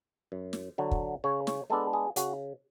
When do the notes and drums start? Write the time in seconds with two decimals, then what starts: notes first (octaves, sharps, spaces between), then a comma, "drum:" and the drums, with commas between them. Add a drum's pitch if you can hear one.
0.32 F#2
0.53 drum: snare
0.78 D3 F#3
0.91 drum: kick
1.24 C#3 C#5
1.47 C#5, drum: snare
1.70 G#3 B3 D4 A4
1.93 G#4
2.16 C#3 F#4, drum: hi-hat